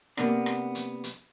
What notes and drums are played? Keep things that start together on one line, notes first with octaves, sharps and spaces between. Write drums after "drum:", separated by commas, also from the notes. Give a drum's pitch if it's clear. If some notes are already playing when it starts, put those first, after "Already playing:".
C3 A#3 B3 D4, drum: rim click
drum: rim click
drum: hi-hat
drum: hi-hat